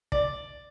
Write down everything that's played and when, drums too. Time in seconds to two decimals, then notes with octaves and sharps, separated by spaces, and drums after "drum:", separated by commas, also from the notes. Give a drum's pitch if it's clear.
0.12 D5, drum: kick